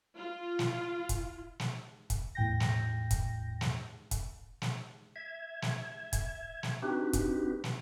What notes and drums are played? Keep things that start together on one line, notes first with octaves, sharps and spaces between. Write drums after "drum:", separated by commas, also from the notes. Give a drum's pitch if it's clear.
F4
drum: snare
drum: kick, hi-hat
drum: snare
drum: kick, hi-hat
E2 A2 G5 G6 A#6
drum: snare
drum: kick, hi-hat
drum: snare
drum: kick, hi-hat
drum: snare
E5 G#6
drum: snare
drum: kick, hi-hat
drum: snare
C4 D4 D#4 F#4 G4 B4
drum: kick, hi-hat
drum: snare